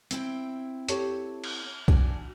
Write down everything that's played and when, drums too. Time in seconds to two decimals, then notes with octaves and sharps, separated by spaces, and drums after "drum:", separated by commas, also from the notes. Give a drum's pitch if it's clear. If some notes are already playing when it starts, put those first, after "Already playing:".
0.11 C4 E4 G5, drum: hi-hat
0.89 G4 A4 C#5, drum: hi-hat
1.44 drum: cymbal
1.88 D4 F#4 G#5, drum: kick C2